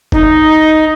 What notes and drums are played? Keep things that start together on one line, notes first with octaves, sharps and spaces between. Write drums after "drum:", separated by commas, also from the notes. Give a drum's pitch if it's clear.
D#4, drum: kick